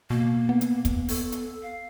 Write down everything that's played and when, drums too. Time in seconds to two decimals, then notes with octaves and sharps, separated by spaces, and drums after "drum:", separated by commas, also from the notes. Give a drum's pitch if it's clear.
0.10 B2 A#3
0.49 B3
0.61 drum: hi-hat
0.85 drum: kick, hi-hat
1.09 A4, drum: open hi-hat
1.32 drum: hi-hat
1.62 F5